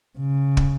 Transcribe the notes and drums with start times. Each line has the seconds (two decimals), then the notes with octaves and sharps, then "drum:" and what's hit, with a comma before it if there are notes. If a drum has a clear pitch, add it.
0.18 C#3
0.57 drum: kick